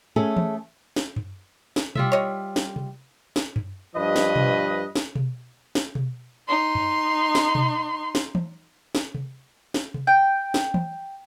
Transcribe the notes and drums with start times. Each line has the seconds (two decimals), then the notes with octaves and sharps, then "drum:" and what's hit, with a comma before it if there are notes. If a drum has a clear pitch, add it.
0.16 A3 C#4 G#4 A4
0.37 drum: tom E3
0.96 drum: snare
1.16 drum: tom F#2
1.76 drum: snare
1.95 G3 F4 E5, drum: tom B2
2.12 C#5 D#5
2.56 drum: snare
2.76 drum: tom C3
3.36 drum: snare
3.56 drum: tom F#2
3.96 G2 F3 B4 D#5
4.16 drum: snare
4.36 drum: tom B2
4.96 drum: snare
5.15 drum: tom B2
5.75 drum: snare
5.95 drum: tom B2
6.47 D#4 C6
6.75 drum: tom F#2
7.35 drum: snare
7.55 drum: tom B2
8.15 drum: snare
8.35 drum: tom E3
8.95 drum: snare
9.15 drum: tom C3
9.74 drum: snare
9.94 drum: tom C3
10.07 G5
10.54 drum: snare
10.74 drum: tom E3